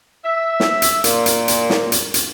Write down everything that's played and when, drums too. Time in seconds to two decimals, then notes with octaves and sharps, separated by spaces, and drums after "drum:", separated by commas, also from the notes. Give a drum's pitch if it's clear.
0.25 E5
0.60 drum: snare
0.82 drum: hi-hat
1.04 A#2, drum: hi-hat
1.26 drum: hi-hat
1.48 drum: hi-hat
1.70 drum: snare
1.92 drum: hi-hat
2.14 drum: hi-hat